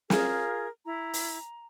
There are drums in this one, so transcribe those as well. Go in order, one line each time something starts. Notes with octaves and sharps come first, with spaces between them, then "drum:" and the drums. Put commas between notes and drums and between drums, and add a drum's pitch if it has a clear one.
F4 G#4 A#4, drum: snare
E4 A#5
drum: open hi-hat